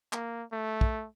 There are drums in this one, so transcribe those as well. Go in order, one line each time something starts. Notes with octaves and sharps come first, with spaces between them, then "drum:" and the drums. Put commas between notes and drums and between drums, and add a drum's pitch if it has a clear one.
A#3, drum: clap
A3
drum: kick